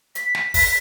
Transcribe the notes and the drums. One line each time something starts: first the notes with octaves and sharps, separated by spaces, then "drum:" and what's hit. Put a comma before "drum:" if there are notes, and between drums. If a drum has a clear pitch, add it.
B6, drum: hi-hat
drum: snare
drum: kick, open hi-hat